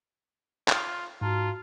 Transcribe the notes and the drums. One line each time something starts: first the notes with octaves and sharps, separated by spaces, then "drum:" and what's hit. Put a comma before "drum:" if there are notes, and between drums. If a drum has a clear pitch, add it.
F4, drum: clap
G#2 F4 F#4 A5 A#5